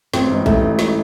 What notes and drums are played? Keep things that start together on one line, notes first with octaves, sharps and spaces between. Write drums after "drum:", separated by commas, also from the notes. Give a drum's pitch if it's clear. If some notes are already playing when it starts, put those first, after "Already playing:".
A1 C4, drum: snare
G#2 E3
A1 A3, drum: kick
G#2 E3
drum: snare